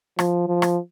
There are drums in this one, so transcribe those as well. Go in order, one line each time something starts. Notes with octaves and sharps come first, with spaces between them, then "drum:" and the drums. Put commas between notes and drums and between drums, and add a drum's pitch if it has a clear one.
F3, drum: rim click
F3
drum: rim click